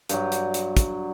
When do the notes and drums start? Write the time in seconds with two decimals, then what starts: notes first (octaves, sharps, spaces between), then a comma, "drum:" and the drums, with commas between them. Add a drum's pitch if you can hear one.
0.09 G2 F#3, drum: hi-hat
0.32 drum: hi-hat
0.54 drum: hi-hat
0.77 drum: kick, hi-hat